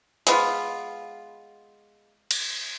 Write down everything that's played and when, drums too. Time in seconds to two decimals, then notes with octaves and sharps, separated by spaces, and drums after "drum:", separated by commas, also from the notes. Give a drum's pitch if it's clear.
0.27 G#3 B3 F4, drum: hi-hat
2.31 drum: cymbal